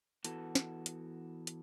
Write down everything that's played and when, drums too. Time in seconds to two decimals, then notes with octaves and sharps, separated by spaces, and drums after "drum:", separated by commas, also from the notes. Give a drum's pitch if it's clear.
0.24 E3 B3 F#4 A4, drum: hi-hat
0.55 drum: snare
0.86 drum: hi-hat
1.47 drum: hi-hat